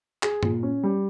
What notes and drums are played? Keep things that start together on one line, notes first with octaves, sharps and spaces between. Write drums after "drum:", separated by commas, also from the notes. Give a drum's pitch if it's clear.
G#4, drum: clap
A#2, drum: tom G2
C#4
G3